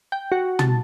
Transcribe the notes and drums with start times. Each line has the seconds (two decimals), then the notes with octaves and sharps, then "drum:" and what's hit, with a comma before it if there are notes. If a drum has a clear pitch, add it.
0.12 G5
0.32 F#4
0.59 A5, drum: tom